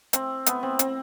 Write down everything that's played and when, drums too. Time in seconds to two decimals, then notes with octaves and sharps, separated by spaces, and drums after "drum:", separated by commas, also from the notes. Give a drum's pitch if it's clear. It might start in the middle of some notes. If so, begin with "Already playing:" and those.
0.13 C4, drum: hi-hat
0.46 B3, drum: hi-hat
0.63 C4
0.79 C4, drum: hi-hat